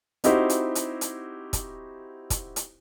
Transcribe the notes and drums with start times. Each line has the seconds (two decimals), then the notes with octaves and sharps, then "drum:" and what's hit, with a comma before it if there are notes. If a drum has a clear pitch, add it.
0.24 C4 D#4 E4 F#4 G4 C5, drum: hi-hat
0.50 drum: hi-hat
0.75 drum: hi-hat
1.01 drum: hi-hat
1.53 drum: kick, hi-hat
2.30 drum: kick, hi-hat
2.56 drum: hi-hat